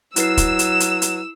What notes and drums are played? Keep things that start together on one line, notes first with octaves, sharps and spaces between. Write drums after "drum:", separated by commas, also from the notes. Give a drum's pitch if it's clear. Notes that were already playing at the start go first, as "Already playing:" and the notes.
F#3 E4 B4 E6 C7 E7, drum: hi-hat
drum: kick, hi-hat
drum: hi-hat
drum: hi-hat
drum: hi-hat